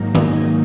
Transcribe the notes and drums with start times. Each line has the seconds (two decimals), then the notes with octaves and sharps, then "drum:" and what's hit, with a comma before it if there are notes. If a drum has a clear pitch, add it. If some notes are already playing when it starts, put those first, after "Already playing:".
Already playing: G#2 D#3 F#3 A#3 D#4
0.15 D#5 G#5, drum: tom D#3